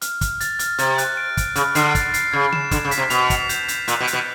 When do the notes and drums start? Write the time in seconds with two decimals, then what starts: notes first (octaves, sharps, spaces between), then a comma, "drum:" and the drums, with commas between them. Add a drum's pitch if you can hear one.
0.01 F6, drum: hi-hat
0.21 F6, drum: kick, hi-hat
0.40 A6, drum: hi-hat
0.59 F6, drum: hi-hat
0.79 C3 A6, drum: hi-hat
0.98 F#6, drum: hi-hat
1.17 D7
1.37 D7, drum: kick, hi-hat
1.56 C#3 F6, drum: hi-hat
1.75 D3 C7, drum: hi-hat
1.95 A6, drum: kick, hi-hat
2.14 C7, drum: hi-hat
2.33 C#3 G#6
2.52 E7, drum: tom C#3
2.71 D3 E7, drum: kick, hi-hat
2.85 C#3
2.91 B6, drum: hi-hat
2.98 C3
3.10 B2 F7, drum: hi-hat
3.30 F7, drum: kick, hi-hat
3.49 G6, drum: hi-hat
3.68 G6, drum: hi-hat
3.88 A#2 F#6, drum: hi-hat
4.00 B2
4.07 F#6, drum: hi-hat
4.13 B2